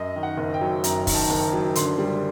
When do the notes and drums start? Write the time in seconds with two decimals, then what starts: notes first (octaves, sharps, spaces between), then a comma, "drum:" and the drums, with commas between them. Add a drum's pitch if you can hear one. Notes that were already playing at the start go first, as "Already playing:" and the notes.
Already playing: F#2 D#5
0.16 D#3
0.23 F#5
0.37 F#1
0.54 G5
0.61 F#3
0.84 F#2 A#5, drum: hi-hat
1.07 D#3, drum: kick, open hi-hat
1.15 A5
1.30 F#1
1.53 F#3
1.75 D3 C6, drum: hi-hat
1.98 G3